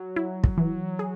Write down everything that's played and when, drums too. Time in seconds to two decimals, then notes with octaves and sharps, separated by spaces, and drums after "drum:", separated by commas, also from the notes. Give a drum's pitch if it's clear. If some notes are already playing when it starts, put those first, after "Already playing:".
Already playing: F#3
0.16 E4
0.44 drum: kick
0.58 E3
0.99 G#4